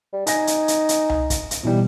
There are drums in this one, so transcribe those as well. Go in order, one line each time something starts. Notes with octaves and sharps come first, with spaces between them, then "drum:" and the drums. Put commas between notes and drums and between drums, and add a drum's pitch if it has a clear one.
G3
D#4 G#5 A#6, drum: hi-hat
drum: hi-hat
drum: hi-hat
drum: hi-hat
drum: tom C2
drum: kick, hi-hat
drum: hi-hat
B2 E3 G3